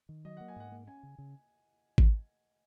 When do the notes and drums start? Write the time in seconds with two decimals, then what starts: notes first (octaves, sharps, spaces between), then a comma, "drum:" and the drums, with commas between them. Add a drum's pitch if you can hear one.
0.09 D#3
0.25 F#3 D#5
0.37 F#5
0.40 A#3
0.48 G#5
0.56 G#2 F#5
0.72 A#3
0.87 C#4 G#5
1.03 C#3
1.18 C#3
1.98 drum: kick G#1